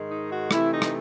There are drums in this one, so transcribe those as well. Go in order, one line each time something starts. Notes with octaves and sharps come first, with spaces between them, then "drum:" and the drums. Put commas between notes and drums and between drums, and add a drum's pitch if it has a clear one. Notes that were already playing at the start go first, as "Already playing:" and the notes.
Already playing: G#2 D#3 G#3
D#4
F#4
C3 E3 A3 E4, drum: rim click
D#4
drum: rim click